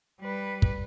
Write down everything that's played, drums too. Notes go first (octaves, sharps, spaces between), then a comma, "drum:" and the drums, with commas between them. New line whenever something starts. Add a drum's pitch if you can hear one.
G3 B4
drum: kick